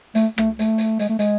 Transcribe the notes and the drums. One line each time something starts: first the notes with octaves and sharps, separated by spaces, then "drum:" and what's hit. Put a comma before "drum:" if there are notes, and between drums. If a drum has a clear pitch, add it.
A3, drum: hi-hat
A3, drum: rim click
A3, drum: hi-hat
drum: hi-hat
G#3, drum: hi-hat
A3
G#3, drum: hi-hat